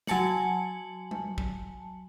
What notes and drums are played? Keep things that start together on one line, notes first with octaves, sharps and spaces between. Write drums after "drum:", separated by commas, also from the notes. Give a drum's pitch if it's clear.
F#3 G#5 A5 C#7 F#7, drum: snare
drum: tom G3
drum: kick